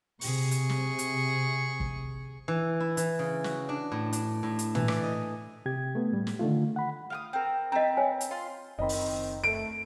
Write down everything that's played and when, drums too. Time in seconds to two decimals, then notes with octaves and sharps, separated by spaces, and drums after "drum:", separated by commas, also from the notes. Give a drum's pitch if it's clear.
0.21 C3 G#4 C#6, drum: open hi-hat
0.51 drum: hi-hat
0.69 drum: snare
0.99 drum: hi-hat
1.80 drum: kick
2.48 E3
2.80 E4
2.97 E3, drum: hi-hat
3.19 C#3
3.44 F#4, drum: snare
3.69 D4
3.92 A2
4.13 D4, drum: hi-hat
4.43 A2
4.59 drum: hi-hat
4.75 E3, drum: tom
4.88 D5, drum: rim click
5.03 D#5
5.66 C3 G4 G#6
5.95 A3 B3
6.12 A2 G3
6.27 drum: snare
6.39 D3 D#3 A3 F4
6.76 F#5 B5
7.10 F5 G5 D#6
7.33 C4 A#4
7.72 C4 B4 D#5 A#5
7.97 C#5 G#5
8.21 drum: hi-hat
8.31 F4 C6
8.79 F#1 D#3 C4 D#5 B5
8.89 drum: open hi-hat
9.44 A3 D7